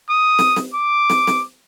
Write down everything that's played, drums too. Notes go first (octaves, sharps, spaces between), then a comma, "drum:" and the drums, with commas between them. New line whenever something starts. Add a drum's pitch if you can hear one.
D#6
drum: snare
drum: snare
D6
drum: snare
drum: snare